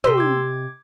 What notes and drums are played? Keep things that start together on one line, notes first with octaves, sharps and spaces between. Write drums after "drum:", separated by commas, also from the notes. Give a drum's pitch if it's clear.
C3 G4 D#5 C6 E6, drum: tom
D6 G#6